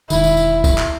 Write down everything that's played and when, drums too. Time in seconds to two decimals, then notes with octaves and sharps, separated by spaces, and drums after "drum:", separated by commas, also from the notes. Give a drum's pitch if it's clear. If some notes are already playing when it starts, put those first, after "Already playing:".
0.10 E1 D#3 E4, drum: tambourine
0.24 drum: tambourine
0.37 drum: tambourine
0.64 drum: kick, tambourine
0.77 drum: clap